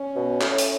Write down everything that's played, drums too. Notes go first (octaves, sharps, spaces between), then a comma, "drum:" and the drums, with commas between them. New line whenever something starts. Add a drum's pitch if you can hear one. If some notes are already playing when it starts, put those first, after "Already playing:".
Already playing: C#4
B2
A2, drum: clap
drum: hi-hat